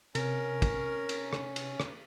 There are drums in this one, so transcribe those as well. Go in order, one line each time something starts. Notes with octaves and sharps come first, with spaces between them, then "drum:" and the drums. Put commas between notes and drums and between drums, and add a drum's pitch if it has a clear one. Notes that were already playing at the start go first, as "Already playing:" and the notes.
C3 C#4 A#4, drum: cymbal
drum: kick, cymbal
drum: cymbal
drum: rim click
drum: cymbal
drum: rim click